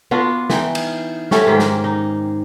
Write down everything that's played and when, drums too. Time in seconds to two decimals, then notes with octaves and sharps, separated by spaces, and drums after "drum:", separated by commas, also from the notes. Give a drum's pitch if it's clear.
0.11 B3 D4 F4 F#4
0.50 E3 D#4 G5, drum: snare
0.75 drum: cymbal
1.31 G3 A3 C#4 F#4, drum: snare
1.47 G#2 D#3 G4
1.59 drum: snare
1.84 D#4